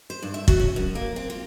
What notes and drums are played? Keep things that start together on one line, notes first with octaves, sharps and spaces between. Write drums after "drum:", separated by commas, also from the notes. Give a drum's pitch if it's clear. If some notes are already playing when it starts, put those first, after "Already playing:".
C5
G2
E5
F#4, drum: kick
C#4
F#2
A#3
C4
F4